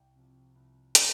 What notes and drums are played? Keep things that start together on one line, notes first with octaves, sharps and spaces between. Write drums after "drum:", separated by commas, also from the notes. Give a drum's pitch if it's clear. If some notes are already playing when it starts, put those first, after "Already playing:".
Already playing: C2 G5
C3 F3
C2
C3 F3, drum: hi-hat